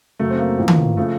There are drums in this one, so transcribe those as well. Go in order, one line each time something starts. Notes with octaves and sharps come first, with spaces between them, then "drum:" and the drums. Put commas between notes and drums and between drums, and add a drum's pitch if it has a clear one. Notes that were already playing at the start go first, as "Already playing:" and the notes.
F#1 F#2 C#3 F#3 A3
C4
A#3
A1 A2 F3
drum: tom D#3
C#3 F3 A3